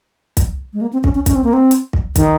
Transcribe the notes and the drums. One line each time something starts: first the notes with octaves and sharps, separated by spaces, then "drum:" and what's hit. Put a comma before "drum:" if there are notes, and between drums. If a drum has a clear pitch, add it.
drum: kick, hi-hat
G#3
A#3
C4
C#4, drum: kick
C#4
C#4, drum: kick, hi-hat
C4
A#3
C4
drum: hi-hat
drum: kick
D#3, drum: kick, hi-hat